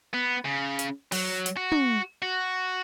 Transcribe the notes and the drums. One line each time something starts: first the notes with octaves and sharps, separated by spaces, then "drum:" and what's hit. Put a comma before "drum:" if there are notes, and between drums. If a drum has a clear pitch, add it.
B3
C#3
drum: hi-hat
F#3, drum: open hi-hat
drum: hi-hat
F#4
drum: tom
F#4